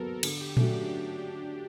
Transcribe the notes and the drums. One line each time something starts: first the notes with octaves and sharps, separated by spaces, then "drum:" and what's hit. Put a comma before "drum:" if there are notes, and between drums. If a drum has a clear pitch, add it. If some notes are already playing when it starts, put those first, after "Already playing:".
Already playing: E2 F#3 B3 A4 A#4
A4
D3 G#4, drum: cymbal
G4
F#3 A3 C#4 D4, drum: tom A#2
D4